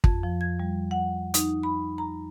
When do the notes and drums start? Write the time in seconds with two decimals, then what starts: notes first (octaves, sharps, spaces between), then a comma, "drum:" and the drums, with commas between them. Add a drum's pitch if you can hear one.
0.04 F2, drum: kick
0.23 F3
0.41 G#6
0.60 G3
0.91 F#5
1.34 D#4, drum: hi-hat
1.63 B5
1.98 A#5